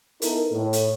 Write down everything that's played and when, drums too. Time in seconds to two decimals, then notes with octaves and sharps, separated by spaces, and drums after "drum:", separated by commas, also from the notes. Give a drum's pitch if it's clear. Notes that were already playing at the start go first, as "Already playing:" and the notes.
0.22 B3 D#4 E4 A4 A#4, drum: hi-hat
0.52 A2
0.73 drum: hi-hat